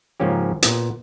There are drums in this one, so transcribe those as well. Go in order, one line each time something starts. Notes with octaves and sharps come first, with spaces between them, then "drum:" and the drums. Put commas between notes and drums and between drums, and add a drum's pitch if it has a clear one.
G#2 C#3 F3 A#3 C#4 G4
A#2 B3, drum: hi-hat